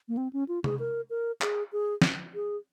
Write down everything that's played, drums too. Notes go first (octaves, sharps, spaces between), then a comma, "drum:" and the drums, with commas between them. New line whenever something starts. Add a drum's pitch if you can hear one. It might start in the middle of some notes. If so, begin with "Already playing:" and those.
A#3
C4
C#4
F4
G#4, drum: tom C3
A#4
A#4
G#4, drum: clap
G#4
drum: snare
G#4